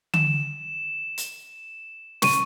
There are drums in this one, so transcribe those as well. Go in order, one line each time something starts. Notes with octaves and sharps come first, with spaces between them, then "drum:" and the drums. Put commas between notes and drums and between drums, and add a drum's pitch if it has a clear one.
E7, drum: tom D3
drum: hi-hat
C#6 D#7, drum: snare